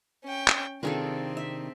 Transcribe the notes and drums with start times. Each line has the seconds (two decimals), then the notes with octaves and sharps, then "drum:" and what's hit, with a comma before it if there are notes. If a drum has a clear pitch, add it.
0.25 C#4 G5
0.48 drum: clap
0.83 C3 D#3 C4 D4 F4 G#4 A4
1.37 E5